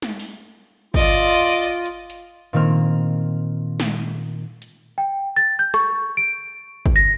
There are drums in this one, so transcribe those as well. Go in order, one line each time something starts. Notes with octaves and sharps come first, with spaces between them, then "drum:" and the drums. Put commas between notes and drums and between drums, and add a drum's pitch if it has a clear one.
drum: snare
drum: open hi-hat
F4 D5 D#5, drum: kick
drum: hi-hat
drum: hi-hat
A#2 D#3 A#3 C4 F6
drum: snare
drum: hi-hat
G5
A6
G6
C#6, drum: rim click
D7
drum: kick
A#6